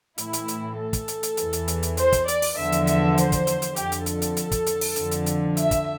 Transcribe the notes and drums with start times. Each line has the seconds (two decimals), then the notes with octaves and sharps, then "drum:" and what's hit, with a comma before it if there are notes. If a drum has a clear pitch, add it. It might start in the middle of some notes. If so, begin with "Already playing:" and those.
0.18 A2 E3 E4, drum: hi-hat
0.33 drum: hi-hat
0.48 drum: hi-hat
0.78 A4
0.93 drum: kick, hi-hat
1.08 drum: hi-hat
1.23 drum: hi-hat
1.37 E2 E3, drum: hi-hat
1.53 drum: hi-hat
1.68 drum: hi-hat
1.83 drum: hi-hat
1.97 C5, drum: hi-hat
2.12 drum: kick, hi-hat
2.28 D5, drum: hi-hat
2.42 drum: open hi-hat
2.57 E2 D3 F3 E5
2.72 drum: hi-hat
2.87 E5, drum: hi-hat
3.18 C5, drum: hi-hat
3.32 drum: kick, hi-hat
3.47 drum: hi-hat
3.62 drum: hi-hat
3.76 F2 D3 F3 G4, drum: hi-hat
3.92 drum: hi-hat
4.06 A4, drum: hi-hat
4.22 drum: hi-hat
4.37 drum: hi-hat
4.52 drum: kick, hi-hat
4.66 drum: hi-hat
4.81 drum: open hi-hat
4.96 F2 D3 F3, drum: hi-hat
5.11 drum: hi-hat
5.26 drum: hi-hat
5.57 E5, drum: hi-hat
5.71 drum: kick, hi-hat